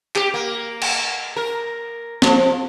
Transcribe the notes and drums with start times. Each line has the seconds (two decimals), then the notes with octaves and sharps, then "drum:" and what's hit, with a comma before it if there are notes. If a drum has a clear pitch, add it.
0.16 G4, drum: clap
0.34 A#3
0.82 drum: cymbal
1.36 A#4
2.22 F3, drum: snare